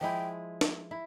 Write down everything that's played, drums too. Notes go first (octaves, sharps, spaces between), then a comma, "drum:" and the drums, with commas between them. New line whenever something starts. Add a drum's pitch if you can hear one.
F3 G#3 E4 G5
drum: snare
E4